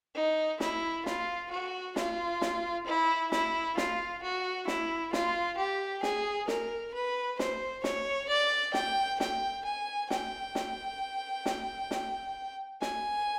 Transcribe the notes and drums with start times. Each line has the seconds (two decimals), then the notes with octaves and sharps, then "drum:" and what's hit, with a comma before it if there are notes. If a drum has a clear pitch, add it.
0.15 D#4
0.60 E4, drum: snare
1.06 F4, drum: snare
1.51 F#4
1.96 F4, drum: snare
2.41 drum: snare
2.87 E4
3.32 E4, drum: snare
3.77 F4, drum: snare
4.23 F#4
4.68 E4, drum: snare
5.13 F4, drum: snare
5.58 G4
6.03 G#4, drum: snare
6.48 A#4, drum: snare
6.94 B4
7.39 C5, drum: snare
7.84 C#5, drum: snare
8.29 D5
8.74 G5, drum: snare
9.20 G5, drum: snare
9.65 G#5
10.10 G5, drum: snare
10.55 drum: snare
11.46 drum: snare
11.91 drum: snare
12.82 G#5, drum: snare